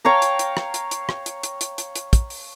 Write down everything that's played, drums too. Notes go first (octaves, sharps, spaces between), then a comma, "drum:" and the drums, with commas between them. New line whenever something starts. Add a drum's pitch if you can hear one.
C#5 F5 G5 A#5
drum: hi-hat
drum: hi-hat
drum: rim click
drum: hi-hat
drum: hi-hat
drum: rim click
drum: hi-hat
drum: hi-hat
drum: hi-hat
drum: hi-hat
drum: hi-hat
drum: kick, hi-hat
drum: open hi-hat